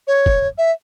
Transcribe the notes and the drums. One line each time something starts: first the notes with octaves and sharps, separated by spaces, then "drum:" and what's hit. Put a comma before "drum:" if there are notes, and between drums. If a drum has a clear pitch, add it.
C#5
drum: kick
E5